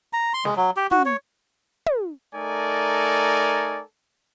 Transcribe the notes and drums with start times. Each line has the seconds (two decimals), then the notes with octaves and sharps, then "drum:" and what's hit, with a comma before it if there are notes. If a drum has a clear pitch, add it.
0.13 A#5
0.34 C6
0.45 G#3, drum: snare
0.56 F#3
0.77 G4
0.91 F#4, drum: tom
1.06 C#5
1.86 drum: tom
2.35 A3 D#4 A4 A#4 D5 G#5